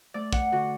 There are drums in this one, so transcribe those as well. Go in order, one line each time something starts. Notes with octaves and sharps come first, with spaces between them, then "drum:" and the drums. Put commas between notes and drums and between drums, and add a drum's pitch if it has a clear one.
A3 D5
F#5, drum: kick
D3 F#4